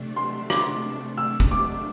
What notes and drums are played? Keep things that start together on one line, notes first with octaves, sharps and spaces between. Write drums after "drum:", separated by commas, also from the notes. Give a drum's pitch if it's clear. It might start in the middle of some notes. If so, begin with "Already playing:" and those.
Already playing: C3 A3 D4
C6
D6, drum: rim click
E6
drum: kick
D6